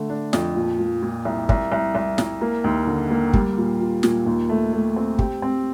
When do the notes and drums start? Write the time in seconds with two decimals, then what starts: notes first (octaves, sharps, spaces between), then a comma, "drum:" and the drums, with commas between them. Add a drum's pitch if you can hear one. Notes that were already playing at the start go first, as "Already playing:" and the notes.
Already playing: D3 A3
0.09 D4
0.33 F2, drum: snare
0.55 A#2
0.79 A#2
1.02 A#2
1.25 C2
1.49 C2, drum: kick
1.72 C2
1.95 C2
2.18 C2, drum: snare
2.41 A#3
2.64 D#2
2.87 D3
3.10 A#3
3.33 G3, drum: kick
3.57 A#2
3.81 F4
4.03 A#2, drum: snare
4.26 D#2
4.49 A3
4.73 A3
4.96 C4
5.19 G4, drum: kick
5.42 C4